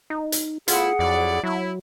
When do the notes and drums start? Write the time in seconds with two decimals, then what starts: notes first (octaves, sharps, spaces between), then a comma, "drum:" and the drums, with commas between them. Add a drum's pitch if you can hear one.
0.10 D#4
0.32 drum: hi-hat
0.68 A2 B3 E4 F4 G#4 F#5, drum: hi-hat
0.99 F2 F#3 E4 D5
1.43 F#3 E4